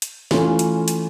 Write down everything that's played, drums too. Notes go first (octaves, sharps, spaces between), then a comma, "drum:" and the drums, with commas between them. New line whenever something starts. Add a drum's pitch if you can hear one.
drum: hi-hat
E3 A3 C#4 F4, drum: snare
drum: hi-hat
drum: hi-hat